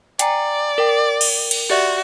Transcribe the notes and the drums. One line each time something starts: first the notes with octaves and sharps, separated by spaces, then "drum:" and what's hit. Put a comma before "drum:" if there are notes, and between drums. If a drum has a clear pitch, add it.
D5 G5 G#5 A#5, drum: hi-hat
A#4 G5
drum: cymbal
drum: cymbal
F#4 G4 D5 E5